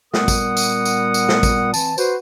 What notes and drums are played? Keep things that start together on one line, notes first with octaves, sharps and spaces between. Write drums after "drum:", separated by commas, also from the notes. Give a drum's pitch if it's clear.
A#2 G3 B3 A#4 F#5 D#6, drum: snare
drum: kick, tambourine
drum: tambourine
drum: tambourine
drum: tambourine
drum: snare
drum: kick, tambourine
E3 C4 A5, drum: tambourine
F#4 B4 C5, drum: tambourine